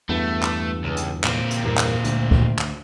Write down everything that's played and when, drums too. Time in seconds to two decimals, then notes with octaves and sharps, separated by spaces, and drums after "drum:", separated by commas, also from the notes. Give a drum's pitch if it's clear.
0.09 E2 G2 A3 B3
0.43 drum: clap
0.84 C#2
0.97 drum: hi-hat
1.24 A#2 C4, drum: clap
1.50 drum: hi-hat
1.64 E2 G2 A#3
1.77 drum: clap
2.04 D2, drum: hi-hat
2.31 drum: kick C#2
2.58 drum: clap